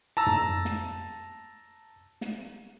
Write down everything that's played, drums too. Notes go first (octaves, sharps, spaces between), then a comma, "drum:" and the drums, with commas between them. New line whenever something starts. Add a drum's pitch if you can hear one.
A5 A#5 E6
drum: tom
drum: snare
drum: snare